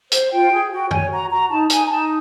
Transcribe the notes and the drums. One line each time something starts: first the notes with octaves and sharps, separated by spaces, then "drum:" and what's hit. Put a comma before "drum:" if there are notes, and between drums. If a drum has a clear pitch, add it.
C5, drum: hi-hat
F4 G5
G#4
F#4 G5
C#5 G#5, drum: tom
F#4 A#5
F#4 A#5
D#4 A5
D#4 G#5, drum: hi-hat
A#5
D#4 A5